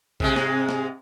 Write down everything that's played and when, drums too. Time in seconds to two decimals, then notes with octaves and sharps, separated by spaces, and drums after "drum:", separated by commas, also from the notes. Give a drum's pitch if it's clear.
0.20 G#2 C3 G#3, drum: kick
0.36 drum: snare
0.69 drum: snare